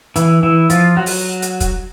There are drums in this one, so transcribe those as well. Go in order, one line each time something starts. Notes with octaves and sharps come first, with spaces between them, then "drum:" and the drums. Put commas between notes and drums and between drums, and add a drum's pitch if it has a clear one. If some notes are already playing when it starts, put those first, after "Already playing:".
E3 E4, drum: hi-hat
E3 E4
F3 F4, drum: hi-hat
F#3 F#4
drum: open hi-hat
drum: hi-hat
drum: kick, hi-hat